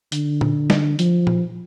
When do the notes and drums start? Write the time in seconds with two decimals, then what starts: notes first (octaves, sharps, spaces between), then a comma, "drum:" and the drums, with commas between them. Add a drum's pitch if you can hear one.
0.12 D3, drum: hi-hat
0.41 drum: tom A#2
0.70 drum: snare
0.99 F3, drum: hi-hat
1.27 drum: tom A#2